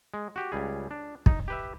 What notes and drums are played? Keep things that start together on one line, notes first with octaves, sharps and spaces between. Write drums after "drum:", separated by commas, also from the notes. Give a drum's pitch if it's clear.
G#3
F#4 G4
C#2 G3 G#4
D4
D#4, drum: kick
G4 B4 E5